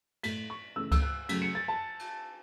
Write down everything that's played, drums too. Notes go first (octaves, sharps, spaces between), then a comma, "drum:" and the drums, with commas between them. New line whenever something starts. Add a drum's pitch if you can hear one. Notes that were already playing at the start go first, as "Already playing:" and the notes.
A2 A3 B6, drum: cymbal
C#6
C#3 E3 A3 E6
E6, drum: kick C#2, cymbal
F#6
C#3 F#3 A3 B6, drum: cymbal
C#7
A6
A5
drum: cymbal